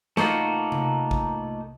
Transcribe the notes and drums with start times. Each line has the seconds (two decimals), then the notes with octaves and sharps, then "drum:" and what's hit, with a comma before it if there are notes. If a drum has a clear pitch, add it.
0.17 A3 A#3 D#4 F4 F#4, drum: snare
0.72 drum: tom C3
1.11 drum: kick